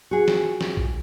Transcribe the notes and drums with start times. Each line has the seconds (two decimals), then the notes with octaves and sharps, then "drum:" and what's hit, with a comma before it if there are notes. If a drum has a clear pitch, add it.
0.11 F#4 G#4
0.28 drum: snare
0.61 drum: snare
0.77 drum: kick